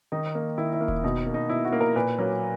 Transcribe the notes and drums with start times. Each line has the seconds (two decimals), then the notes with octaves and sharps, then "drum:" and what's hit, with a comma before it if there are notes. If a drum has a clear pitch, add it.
0.12 D#3 D#4
0.35 A#3
0.58 D#3 E4
0.73 E4
0.81 A#3
0.88 E4, drum: kick E1
1.04 B2 D#4
1.26 A#3
1.34 D#4
1.49 B2 E4
1.65 F#4
1.72 A#3
1.81 A#4
1.96 A#2 B4
2.19 F#3 A#3